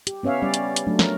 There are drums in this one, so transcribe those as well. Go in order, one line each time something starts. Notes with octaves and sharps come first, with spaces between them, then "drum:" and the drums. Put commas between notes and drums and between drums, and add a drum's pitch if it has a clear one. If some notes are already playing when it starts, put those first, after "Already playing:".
G4, drum: hi-hat
B3 C#4 C#5 E5 F5
G3 C#4 D5
drum: hi-hat
drum: hi-hat
F#3 A3 D4
A#4, drum: snare